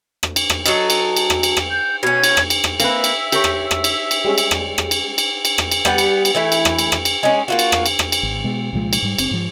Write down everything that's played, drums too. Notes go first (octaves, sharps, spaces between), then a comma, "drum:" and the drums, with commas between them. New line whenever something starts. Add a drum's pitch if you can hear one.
drum: rim click
drum: cymbal
drum: rim click
F#3 A4 D#5, drum: cymbal
drum: cymbal
drum: cymbal
drum: rim click
drum: cymbal
drum: rim click
G6
B2 C#4 G#6
drum: cymbal
drum: rim click
drum: cymbal
drum: rim click
A#3 C4 B4 E5, drum: cymbal
drum: cymbal
G4 A#4 C#5, drum: cymbal
drum: rim click
drum: rim click
drum: cymbal
drum: cymbal
G3 G#3 C#4
drum: cymbal
drum: rim click
drum: rim click
drum: cymbal
drum: cymbal
drum: cymbal
drum: rim click
drum: cymbal
G3 B3 F#5, drum: rim click
drum: cymbal
drum: cymbal
E3 A3 E4
drum: cymbal
drum: rim click
drum: cymbal
drum: rim click
drum: cymbal
G#3 C#4
A#3 F4 F#4
drum: cymbal
drum: rim click
drum: cymbal
drum: rim click
drum: cymbal
G#1
B2 G#3
C2 A#2 F3 G#3
drum: cymbal
G#2 G3
F#1 C4, drum: cymbal
G#2 F3